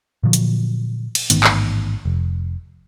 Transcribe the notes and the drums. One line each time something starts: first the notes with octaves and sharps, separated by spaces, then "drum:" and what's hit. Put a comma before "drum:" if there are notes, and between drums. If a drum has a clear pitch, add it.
A#2 D3 F3 F#3
drum: hi-hat
drum: cymbal
A1 G#2 D#3 B3, drum: hi-hat
drum: clap
F1